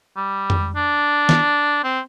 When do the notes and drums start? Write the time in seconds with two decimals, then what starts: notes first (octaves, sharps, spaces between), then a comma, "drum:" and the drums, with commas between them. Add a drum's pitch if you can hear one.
0.17 G3
0.50 drum: tom F2
0.76 D4
1.29 drum: snare
1.84 C4